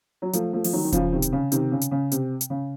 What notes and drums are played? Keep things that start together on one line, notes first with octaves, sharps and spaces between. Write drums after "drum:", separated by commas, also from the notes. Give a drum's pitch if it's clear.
F#3
F3 A3, drum: hi-hat
F3 A3
F3, drum: open hi-hat
D#3 F#3
D#3
C#3 F3, drum: kick E1, hi-hat
C3 D#3
drum: hi-hat
C#3
C3 D#3, drum: hi-hat
C#3
drum: hi-hat
C#3
C3, drum: hi-hat
drum: hi-hat
C#3